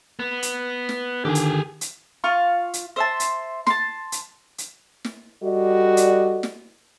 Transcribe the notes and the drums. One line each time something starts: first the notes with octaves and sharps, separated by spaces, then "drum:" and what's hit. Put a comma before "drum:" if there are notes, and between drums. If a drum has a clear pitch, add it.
B3
drum: hi-hat
drum: snare
D3 D#3 G4 G#4
drum: hi-hat
drum: hi-hat
F4 F5 C#6
drum: hi-hat
C5 E5 A5
drum: hi-hat
A5 C6, drum: snare
drum: hi-hat
drum: hi-hat
drum: snare
G3 F#4 A4 D5 D#5
drum: hi-hat
drum: snare